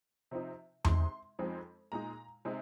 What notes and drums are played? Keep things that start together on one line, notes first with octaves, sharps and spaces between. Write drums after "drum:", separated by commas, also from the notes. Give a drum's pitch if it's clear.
C3 F3 C4 D#4
C3 G#3 D#4 C6, drum: tom E2
F2 F3 G#3 C4 D#4
A#2 G#3 D#4 A#5
C3 G#3 C4 D#4